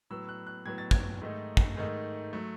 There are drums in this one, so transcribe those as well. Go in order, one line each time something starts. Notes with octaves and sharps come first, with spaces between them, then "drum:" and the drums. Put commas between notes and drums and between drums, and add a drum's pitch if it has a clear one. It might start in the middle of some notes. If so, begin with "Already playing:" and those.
A2 F#3 B3 E6
F#6
F#6
A2 F#3 B3 G#6
A6
G#6, drum: kick
G#2 D#3 A3 D#4
drum: kick
G#2 D#3 A3 D#4
F#3 A3